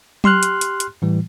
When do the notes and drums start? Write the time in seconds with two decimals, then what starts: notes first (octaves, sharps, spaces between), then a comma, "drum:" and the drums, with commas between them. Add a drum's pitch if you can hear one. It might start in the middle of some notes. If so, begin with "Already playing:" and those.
0.24 G4 C6 F6 F#6, drum: tom F#3
0.43 drum: hi-hat
0.61 drum: hi-hat
0.80 drum: hi-hat
1.02 A2 E3 G3